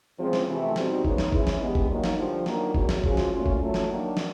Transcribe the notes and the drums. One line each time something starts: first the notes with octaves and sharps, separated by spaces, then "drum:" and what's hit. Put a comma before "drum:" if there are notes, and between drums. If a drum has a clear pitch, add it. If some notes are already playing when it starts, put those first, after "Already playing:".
E2 C#3 F3 G#3 C4
drum: snare
F2 C3 E3 A3
B2 G3 C4 D#4 G4, drum: snare
C#3 E3 G#3 B3 D#4, drum: kick G1
drum: snare
G#2 E3 G#3 C#4 E4, drum: kick G1
drum: snare
E3 G#3 B3 D4 G4
drum: kick G1
D#3 F#3 A#3 D#4
drum: snare
G2 D3 F3
D#3 F#3 A#3 D4, drum: snare
E2 B2 F#3, drum: kick G1
drum: snare
C#3 F3 G#3 C#4 F#4, drum: kick G1
drum: snare
A#2 F#3 A3 C#4 F4
drum: kick G1
A2 F#3 A3
drum: snare
D#3 F#3 A#3 D4
drum: snare